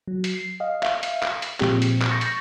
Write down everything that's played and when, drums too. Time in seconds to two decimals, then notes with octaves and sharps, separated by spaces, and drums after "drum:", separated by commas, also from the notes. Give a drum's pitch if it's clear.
0.08 F#3
0.24 drum: hi-hat
0.35 C7
0.60 D#5 F5
0.83 E5 F5, drum: clap
1.03 drum: hi-hat
1.23 drum: clap
1.42 drum: hi-hat
1.61 A#2 F3 G#3 C4 G4, drum: clap
1.82 drum: hi-hat
2.01 drum: clap
2.11 C#6 G6 A6 A#6 C#7
2.21 drum: hi-hat